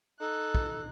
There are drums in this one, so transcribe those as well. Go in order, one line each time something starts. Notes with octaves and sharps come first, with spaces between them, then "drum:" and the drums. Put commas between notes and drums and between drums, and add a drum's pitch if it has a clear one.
D#4 A4 F#6
drum: kick